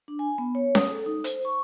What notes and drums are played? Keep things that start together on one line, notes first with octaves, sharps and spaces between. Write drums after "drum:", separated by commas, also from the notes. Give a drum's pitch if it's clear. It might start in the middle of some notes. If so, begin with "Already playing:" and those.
D4
G#5
B3
C#5
D#6, drum: snare C#4
A4
D#4
C5, drum: hi-hat
C#6